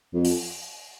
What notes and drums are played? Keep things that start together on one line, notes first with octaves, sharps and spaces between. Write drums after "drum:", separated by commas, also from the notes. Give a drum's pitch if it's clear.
F2
drum: open hi-hat